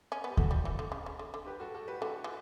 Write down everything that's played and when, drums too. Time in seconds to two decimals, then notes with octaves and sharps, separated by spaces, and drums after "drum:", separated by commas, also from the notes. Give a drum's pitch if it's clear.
0.12 C#4
0.24 B3
0.30 G4
0.37 A3 F#4 A4, drum: kick D2
0.51 G3
0.65 E3
0.79 D3
0.92 C#3
1.06 C#3
1.19 D3
1.34 D3
1.46 G4 B4
1.60 F#4 A4
1.75 F#4 A4
1.88 G4 B4
2.01 D3 F#4 A4
2.24 E3